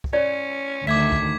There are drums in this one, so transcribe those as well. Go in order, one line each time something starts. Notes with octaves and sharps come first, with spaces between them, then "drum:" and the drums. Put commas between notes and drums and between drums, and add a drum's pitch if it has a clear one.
drum: kick
C#4 C#5 D5
D2 D#3 E5 D6 G#6 B6
drum: kick